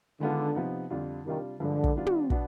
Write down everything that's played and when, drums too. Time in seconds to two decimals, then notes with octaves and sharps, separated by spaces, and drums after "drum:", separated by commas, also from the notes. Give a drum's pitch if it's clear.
0.20 D3 D#3 G#3 B3 F4
0.55 C3 F3 B3 D#4
0.90 F2 D3 G3 D4 F4
1.25 C3 D#3 G3 D4 F4
1.60 G2 D3 F3 G#3
1.84 drum: kick
1.95 D#3 G3 B3 D4 F4
2.06 drum: tom
2.30 B2 B3 D4, drum: kick